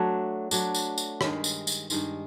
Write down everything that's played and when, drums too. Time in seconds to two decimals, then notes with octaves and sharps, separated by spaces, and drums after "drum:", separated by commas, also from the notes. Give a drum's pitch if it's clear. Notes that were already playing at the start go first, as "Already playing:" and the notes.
Already playing: F#3 A3 D4
0.51 F#3 A3 D4, drum: tambourine
0.74 drum: tambourine
0.98 drum: tambourine
1.21 G2 D#3 G#3, drum: rim click
1.44 drum: tambourine
1.67 drum: tambourine
1.90 G2 D#3 G#3, drum: tambourine